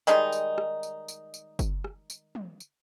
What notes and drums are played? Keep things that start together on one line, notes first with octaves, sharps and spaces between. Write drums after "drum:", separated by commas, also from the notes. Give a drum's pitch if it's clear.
D#3 G3 G#3 D#4, drum: tambourine
drum: tambourine
drum: rim click
drum: tambourine
drum: tambourine
drum: tambourine
drum: kick F#1, tambourine
drum: rim click
drum: tambourine
drum: tom
drum: tambourine